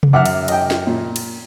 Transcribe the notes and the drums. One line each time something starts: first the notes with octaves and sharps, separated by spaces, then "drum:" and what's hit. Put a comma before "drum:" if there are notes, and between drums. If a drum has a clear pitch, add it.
drum: tom C3
F#2 E5 F#5 D6 F6
drum: cymbal
D#5 G5, drum: cymbal
drum: snare
A#2
drum: cymbal